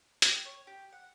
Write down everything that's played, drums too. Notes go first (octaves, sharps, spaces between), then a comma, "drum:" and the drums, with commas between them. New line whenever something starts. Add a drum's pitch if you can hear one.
G4, drum: hi-hat
C#5
G4
F#5